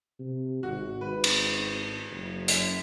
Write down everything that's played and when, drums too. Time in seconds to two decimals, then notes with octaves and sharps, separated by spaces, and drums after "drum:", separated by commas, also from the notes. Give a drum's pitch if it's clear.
0.19 C3
0.63 G#1 F#4
1.01 G#1 B4
1.24 drum: cymbal
2.11 F#1
2.48 F#2 B6, drum: hi-hat